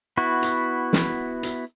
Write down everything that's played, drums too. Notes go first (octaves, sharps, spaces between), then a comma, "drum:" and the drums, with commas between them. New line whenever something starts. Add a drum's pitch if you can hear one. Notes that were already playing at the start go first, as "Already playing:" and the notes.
B3 E4 F#4
drum: hi-hat
drum: snare
drum: hi-hat